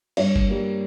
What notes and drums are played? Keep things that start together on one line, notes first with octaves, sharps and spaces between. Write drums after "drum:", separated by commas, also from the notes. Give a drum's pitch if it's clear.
G2 C#5, drum: cymbal
drum: kick G1
G3 A#3